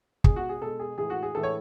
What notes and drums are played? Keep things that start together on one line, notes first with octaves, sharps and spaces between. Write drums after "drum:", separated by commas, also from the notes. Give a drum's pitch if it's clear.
B2 G#3 G#4, drum: kick
F#4
G#4
B2 G#3 A4
G#4
A2 E3 G#3 G#4
F#4
G#4
A2 E3 G#3 A4
C#5